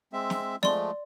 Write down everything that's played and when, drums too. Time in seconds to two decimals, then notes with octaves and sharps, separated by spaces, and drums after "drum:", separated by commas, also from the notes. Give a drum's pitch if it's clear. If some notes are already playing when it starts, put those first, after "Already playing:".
0.13 G#3 C4 E5
0.30 drum: snare
0.63 F3 G#3 A3 D5 C6, drum: snare